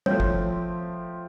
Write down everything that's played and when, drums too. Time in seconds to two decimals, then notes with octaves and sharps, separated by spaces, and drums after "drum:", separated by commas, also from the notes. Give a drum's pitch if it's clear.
0.06 F3 A3 C4 C#5, drum: tom
0.20 drum: kick